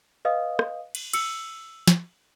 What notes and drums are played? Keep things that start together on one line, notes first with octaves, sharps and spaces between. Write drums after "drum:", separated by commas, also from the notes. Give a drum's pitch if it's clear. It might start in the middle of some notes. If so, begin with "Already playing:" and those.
B4 D#5 F5 D#6
drum: rim click
drum: cymbal
E6 C#7, drum: cymbal
drum: snare